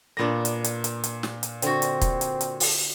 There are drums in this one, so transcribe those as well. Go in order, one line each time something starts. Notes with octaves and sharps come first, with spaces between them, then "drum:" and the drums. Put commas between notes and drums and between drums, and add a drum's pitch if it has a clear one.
A#2 A#3 B3 D4 A#6
drum: hi-hat
drum: hi-hat
drum: hi-hat
drum: hi-hat
drum: snare
drum: hi-hat
D3 C4 F#4, drum: hi-hat
drum: hi-hat
drum: kick, hi-hat
drum: hi-hat
drum: hi-hat
drum: open hi-hat